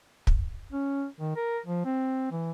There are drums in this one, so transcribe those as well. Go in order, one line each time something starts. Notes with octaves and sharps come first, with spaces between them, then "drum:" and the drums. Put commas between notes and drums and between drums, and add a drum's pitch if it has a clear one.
drum: kick
C#4
D#3
A#4
F3
C4
E3